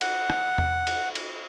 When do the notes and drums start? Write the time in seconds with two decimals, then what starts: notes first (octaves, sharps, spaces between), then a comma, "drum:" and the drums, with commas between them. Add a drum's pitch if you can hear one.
0.01 F#5, drum: cymbal
0.30 drum: rim click
0.58 drum: tom E2
0.87 drum: cymbal
1.15 drum: cymbal